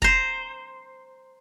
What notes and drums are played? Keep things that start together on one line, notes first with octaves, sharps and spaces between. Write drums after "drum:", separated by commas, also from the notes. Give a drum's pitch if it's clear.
C5 A#5, drum: kick F1